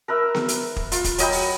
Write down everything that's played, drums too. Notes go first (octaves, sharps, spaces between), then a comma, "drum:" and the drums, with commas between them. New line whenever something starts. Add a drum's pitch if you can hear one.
A#4 B4 E5
drum: snare B3
drum: hi-hat
drum: kick
F4, drum: hi-hat
drum: kick, hi-hat
F#3 D#5 G5 B5, drum: hi-hat
drum: open hi-hat